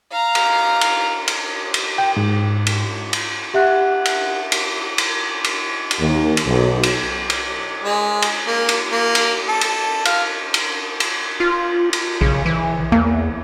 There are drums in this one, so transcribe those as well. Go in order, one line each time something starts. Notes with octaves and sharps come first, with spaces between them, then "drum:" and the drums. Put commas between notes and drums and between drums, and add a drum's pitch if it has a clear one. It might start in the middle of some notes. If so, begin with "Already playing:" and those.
F5 A#5
drum: cymbal
drum: cymbal
drum: cymbal
drum: cymbal
G5
G#2
drum: cymbal
drum: cymbal
G4 E5 F#5 F#6
drum: cymbal
drum: cymbal
drum: cymbal
drum: cymbal
drum: cymbal
D#2
drum: cymbal
B1
drum: cymbal
drum: cymbal
G#3
drum: cymbal
A#3
drum: cymbal
A#3
drum: cymbal
A4
drum: cymbal
F5, drum: cymbal
drum: cymbal
drum: cymbal
F4
drum: cymbal
B1 C#3
E3
E2 A#3